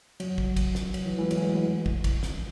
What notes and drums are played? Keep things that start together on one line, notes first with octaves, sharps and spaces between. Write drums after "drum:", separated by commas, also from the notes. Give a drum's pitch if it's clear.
F#3, drum: cymbal
drum: kick
drum: kick, cymbal
drum: snare
F#3, drum: cymbal
E3
E3 G#3
F#3 A3, drum: cymbal
E3 G#3
E3
drum: kick
drum: kick, cymbal
drum: snare